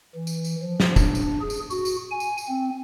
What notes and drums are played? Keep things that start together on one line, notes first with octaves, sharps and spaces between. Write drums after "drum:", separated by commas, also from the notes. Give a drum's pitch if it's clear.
E3
drum: tambourine
drum: tambourine
F3
drum: snare
D4, drum: kick, tambourine
drum: tambourine
G#4
drum: tambourine
F#4, drum: tambourine
drum: tambourine
G#5
drum: tambourine
drum: tambourine
C4